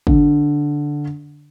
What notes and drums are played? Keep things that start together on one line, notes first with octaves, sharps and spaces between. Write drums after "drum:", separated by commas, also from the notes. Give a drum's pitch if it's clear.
D3, drum: kick